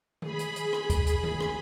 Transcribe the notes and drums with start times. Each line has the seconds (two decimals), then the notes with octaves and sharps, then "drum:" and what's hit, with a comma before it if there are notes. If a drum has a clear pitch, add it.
0.22 G#4 B5, drum: tom D#3
0.39 drum: hi-hat
0.56 drum: hi-hat
0.73 drum: rim click
0.90 drum: kick, hi-hat
1.07 drum: hi-hat
1.24 drum: tom D#3
1.40 drum: rim click